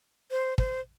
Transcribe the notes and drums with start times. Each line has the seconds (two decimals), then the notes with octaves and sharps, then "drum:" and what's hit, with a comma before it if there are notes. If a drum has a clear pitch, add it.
0.31 C5
0.58 C5, drum: kick